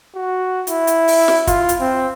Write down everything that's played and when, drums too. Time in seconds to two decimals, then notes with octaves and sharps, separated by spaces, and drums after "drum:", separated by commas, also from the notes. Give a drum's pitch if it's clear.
0.15 F#4
0.67 E4, drum: hi-hat
0.87 drum: hi-hat
1.08 drum: open hi-hat
1.28 drum: snare
1.47 F4, drum: kick, hi-hat
1.69 drum: hi-hat
1.81 C4